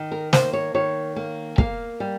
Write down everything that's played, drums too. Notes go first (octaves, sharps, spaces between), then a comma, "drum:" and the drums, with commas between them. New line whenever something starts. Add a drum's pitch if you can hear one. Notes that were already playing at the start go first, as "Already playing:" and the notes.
Already playing: D#3
A#4
A#3 C5, drum: snare
C#5
D#3 C#5
A#3
A#3 F5, drum: kick
G3